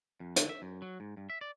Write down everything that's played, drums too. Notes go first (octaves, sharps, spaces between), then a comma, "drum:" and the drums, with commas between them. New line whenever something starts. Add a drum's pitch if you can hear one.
F2
D3, drum: hi-hat
E5
F#2
F#3
G#2
G2
E5
D5